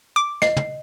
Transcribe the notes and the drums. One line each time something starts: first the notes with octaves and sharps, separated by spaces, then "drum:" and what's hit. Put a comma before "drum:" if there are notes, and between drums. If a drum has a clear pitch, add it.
D6
D#5 C7, drum: snare
drum: tom